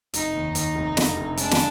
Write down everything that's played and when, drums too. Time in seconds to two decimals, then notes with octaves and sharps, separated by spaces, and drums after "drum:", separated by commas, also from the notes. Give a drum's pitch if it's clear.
0.14 F1 D#4, drum: hi-hat
0.35 D#2
0.55 D#2 D#4, drum: hi-hat
0.75 F1
0.97 D3, drum: snare
1.16 F1
1.37 G#3 D4, drum: hi-hat
1.51 drum: snare